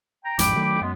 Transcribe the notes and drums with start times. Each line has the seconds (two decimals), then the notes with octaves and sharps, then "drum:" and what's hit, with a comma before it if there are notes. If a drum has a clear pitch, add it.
0.24 G5 A#5
0.39 A1 F2 G#2 G5 B5 D6, drum: hi-hat
0.56 D#3 F#3 A3
0.81 F#2 G#3 B3